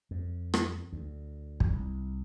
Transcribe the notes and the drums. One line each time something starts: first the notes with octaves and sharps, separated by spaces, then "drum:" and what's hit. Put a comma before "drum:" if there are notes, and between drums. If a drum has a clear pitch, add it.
F2
drum: rim click
D2
drum: kick
C2